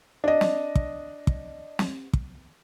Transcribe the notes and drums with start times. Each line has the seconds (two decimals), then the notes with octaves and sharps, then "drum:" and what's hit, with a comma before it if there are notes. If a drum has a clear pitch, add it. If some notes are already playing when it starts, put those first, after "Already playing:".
0.24 D4 D#5
0.41 drum: snare
0.75 drum: kick
1.27 drum: kick
1.79 drum: snare
2.13 drum: kick